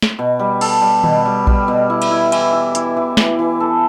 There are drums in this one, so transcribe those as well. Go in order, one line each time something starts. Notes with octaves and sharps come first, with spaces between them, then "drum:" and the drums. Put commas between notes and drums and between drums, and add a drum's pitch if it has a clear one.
drum: snare
B2
G3
A4, drum: cymbal
G3
B2, drum: tom D#3
G3
G3, drum: kick A#1
B2
E4
drum: cymbal
E4
E3, drum: cymbal
E4
E4, drum: hi-hat
E3
E3, drum: snare
E3
A4